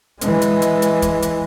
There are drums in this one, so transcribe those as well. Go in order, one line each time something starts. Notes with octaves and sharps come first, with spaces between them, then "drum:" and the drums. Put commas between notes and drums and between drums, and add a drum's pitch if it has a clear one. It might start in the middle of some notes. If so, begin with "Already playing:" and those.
E3 G#3, drum: hi-hat
drum: hi-hat
drum: hi-hat
drum: hi-hat
drum: kick, hi-hat
drum: hi-hat